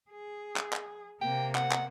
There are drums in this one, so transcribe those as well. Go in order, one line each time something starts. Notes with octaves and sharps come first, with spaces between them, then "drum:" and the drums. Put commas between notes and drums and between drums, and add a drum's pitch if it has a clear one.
G#4
drum: clap
drum: clap
C3 A#3 G5
F#5, drum: clap
drum: clap